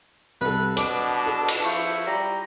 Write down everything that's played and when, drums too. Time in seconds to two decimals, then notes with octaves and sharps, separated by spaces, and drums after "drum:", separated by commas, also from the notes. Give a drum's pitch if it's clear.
0.41 C2 A4 B4
0.77 B2 D4 D6 D7, drum: hi-hat
1.26 A4
1.48 drum: cymbal
1.64 F3 E4 C#6
2.07 G3 A#5